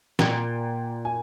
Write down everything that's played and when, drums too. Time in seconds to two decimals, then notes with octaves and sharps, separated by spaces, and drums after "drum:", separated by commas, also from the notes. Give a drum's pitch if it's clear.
0.19 A#2 G5, drum: snare
1.05 G#5